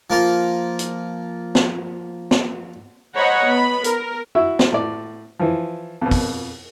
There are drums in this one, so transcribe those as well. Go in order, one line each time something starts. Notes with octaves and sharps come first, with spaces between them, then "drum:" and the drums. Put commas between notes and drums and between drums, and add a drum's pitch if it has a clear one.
F3 A#3 F4
drum: hi-hat
drum: snare
drum: snare
C5 C#5 D#5 F#5 A#5 B5
B3 B5
A#4, drum: hi-hat
E4 F#4 E5
drum: snare
A2 D5
E3 F3
F2 B2
drum: kick, open hi-hat